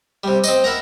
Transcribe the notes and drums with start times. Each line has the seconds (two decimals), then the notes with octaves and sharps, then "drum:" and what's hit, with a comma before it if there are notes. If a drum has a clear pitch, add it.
0.24 C3 G3
0.44 C4 D#5, drum: tambourine
0.64 E4 A#4 F#5 A#5